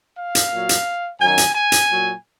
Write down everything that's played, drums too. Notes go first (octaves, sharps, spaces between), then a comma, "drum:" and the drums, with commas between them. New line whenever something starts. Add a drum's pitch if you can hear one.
F5
drum: hi-hat
A#2 F#3
drum: hi-hat
F#2 D#3 F#3 G#5
drum: hi-hat
G#5
drum: hi-hat
A#2 F#3